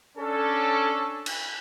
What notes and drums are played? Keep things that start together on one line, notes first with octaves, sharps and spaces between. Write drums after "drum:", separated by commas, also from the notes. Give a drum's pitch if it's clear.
C#4 D4 A4
drum: cymbal